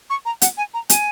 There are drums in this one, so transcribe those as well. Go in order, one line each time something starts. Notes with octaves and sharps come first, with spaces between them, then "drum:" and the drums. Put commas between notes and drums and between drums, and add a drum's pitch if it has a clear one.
C#6
A#5
F#5, drum: hi-hat
G#5
A#5
G#5, drum: hi-hat